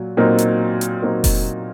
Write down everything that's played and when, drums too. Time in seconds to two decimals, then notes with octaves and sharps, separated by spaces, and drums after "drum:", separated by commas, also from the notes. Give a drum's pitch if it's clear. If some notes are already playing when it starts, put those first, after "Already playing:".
Already playing: A#2 F#3
0.17 A#2 F#3 C4 D#4 A#4
0.38 drum: hi-hat
0.81 drum: hi-hat
1.02 A#2 F#3 C4 D#4 A#4
1.24 drum: kick F1, open hi-hat